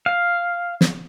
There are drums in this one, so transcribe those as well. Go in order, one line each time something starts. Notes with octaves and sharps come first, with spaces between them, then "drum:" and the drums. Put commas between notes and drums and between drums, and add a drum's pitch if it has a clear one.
F5
drum: snare